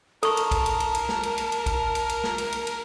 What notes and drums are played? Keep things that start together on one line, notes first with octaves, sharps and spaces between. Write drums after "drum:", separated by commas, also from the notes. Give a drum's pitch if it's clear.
A4 A#4 A5 C#6, drum: cymbal
drum: cymbal
drum: kick, cymbal
drum: cymbal
drum: cymbal
drum: cymbal
drum: snare
drum: cymbal
drum: cymbal
drum: cymbal
drum: kick, cymbal
drum: cymbal
drum: cymbal
drum: snare
drum: cymbal
drum: cymbal
drum: cymbal